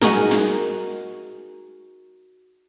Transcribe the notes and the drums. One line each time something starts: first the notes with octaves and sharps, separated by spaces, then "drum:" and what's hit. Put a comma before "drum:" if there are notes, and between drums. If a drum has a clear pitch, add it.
D#4 F#4 G#4 A#4, drum: snare
drum: snare